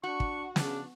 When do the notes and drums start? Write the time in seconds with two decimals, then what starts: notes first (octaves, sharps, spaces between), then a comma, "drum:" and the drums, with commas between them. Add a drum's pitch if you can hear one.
0.03 D4 F#4 C#6
0.20 drum: kick
0.56 C#3 D4, drum: snare